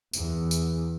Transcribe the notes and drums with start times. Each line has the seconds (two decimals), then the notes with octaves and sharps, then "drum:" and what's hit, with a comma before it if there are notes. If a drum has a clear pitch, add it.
0.13 E2, drum: tambourine
0.51 drum: tambourine